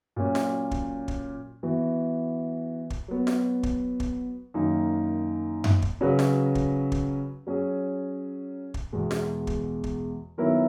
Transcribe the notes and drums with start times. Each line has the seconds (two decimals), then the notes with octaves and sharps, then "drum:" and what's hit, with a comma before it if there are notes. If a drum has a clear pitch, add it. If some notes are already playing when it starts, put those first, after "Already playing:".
0.16 A#2 F#3 C#4
0.35 drum: snare
0.71 drum: kick
1.08 drum: kick
1.63 E3 B3 F#4
2.90 drum: kick
3.08 F#3 B3 F#4
3.27 drum: snare
3.63 drum: kick
4.00 drum: kick
4.54 F#2 D#3 A#3 D#4
5.64 drum: tom F#2
5.82 drum: kick
6.01 C#3 F#3 C#4 F#4 B4
6.19 drum: snare
6.55 drum: kick
6.92 drum: kick
7.47 F#3 C#4 G#4
8.74 drum: kick
8.92 E2 B2 G#3
9.11 drum: snare
9.47 drum: kick
9.84 drum: kick
10.38 D#3 F#3 B3 E4 A#4